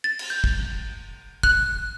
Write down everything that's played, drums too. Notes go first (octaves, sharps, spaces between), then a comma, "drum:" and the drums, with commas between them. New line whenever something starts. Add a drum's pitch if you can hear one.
A6
drum: cymbal
G6
drum: kick
F#6, drum: kick